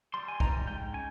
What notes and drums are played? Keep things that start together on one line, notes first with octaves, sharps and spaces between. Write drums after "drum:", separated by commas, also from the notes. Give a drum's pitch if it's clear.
G3 C6
G#5
G3 A#5, drum: kick
G#2 G5
C#4 G#5